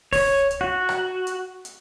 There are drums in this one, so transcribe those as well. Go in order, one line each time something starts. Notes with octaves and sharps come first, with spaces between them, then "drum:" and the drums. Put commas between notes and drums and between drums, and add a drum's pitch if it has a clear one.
C#5, drum: kick C#2, open hi-hat
drum: hi-hat
F#4
drum: rim click
drum: hi-hat
drum: hi-hat